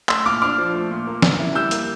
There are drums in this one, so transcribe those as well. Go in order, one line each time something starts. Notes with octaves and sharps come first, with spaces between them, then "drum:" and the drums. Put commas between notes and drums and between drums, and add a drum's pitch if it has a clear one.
A3 C6 E6, drum: clap
A#2 D6 F6
D4 D6 F6
F3
A3
A#2
A#3
D3, drum: snare
E4
G3 E6 G6
A#3, drum: hi-hat